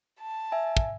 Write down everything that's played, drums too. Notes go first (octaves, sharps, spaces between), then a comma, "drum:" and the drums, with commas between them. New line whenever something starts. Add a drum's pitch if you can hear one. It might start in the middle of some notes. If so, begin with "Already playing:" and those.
A5
E5 G#5
drum: kick